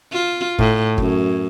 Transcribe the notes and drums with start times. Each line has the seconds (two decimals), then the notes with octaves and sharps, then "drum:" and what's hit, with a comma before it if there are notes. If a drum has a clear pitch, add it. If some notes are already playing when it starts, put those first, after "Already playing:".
0.12 F4
0.58 A2, drum: kick G1
0.98 F#2, drum: kick G1